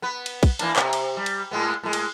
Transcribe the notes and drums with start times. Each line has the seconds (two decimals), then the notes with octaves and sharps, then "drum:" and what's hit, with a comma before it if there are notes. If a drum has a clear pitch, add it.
0.02 B3 B4
0.26 drum: cymbal
0.43 drum: kick, cymbal
0.59 E3 A#3 D4, drum: cymbal
0.76 C3, drum: clap
0.93 drum: cymbal
1.17 G3
1.26 drum: cymbal
1.51 A2 G#3 B3
1.83 A2 G#3
1.93 drum: cymbal